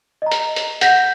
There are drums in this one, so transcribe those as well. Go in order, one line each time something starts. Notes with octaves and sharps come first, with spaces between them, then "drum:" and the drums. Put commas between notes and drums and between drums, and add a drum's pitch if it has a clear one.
D#5 A#5
drum: hi-hat
drum: hi-hat
F#5 G6 A#6 B6, drum: hi-hat